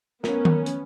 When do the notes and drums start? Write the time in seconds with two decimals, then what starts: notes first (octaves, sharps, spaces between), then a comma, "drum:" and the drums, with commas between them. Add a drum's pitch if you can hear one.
0.24 B3 C#4 A#4, drum: snare
0.45 drum: tom D#3
0.66 drum: hi-hat